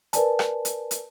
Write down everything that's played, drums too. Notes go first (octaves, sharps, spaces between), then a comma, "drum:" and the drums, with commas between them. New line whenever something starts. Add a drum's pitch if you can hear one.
A#4 B4 D5 G#5 A5, drum: hi-hat
drum: rim click
drum: hi-hat
drum: hi-hat